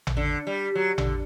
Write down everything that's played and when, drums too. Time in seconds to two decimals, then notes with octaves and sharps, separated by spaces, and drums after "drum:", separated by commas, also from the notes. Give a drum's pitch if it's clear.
0.07 drum: tom A1
0.17 D3
0.47 G3
0.75 F#3
0.98 D3, drum: tom A1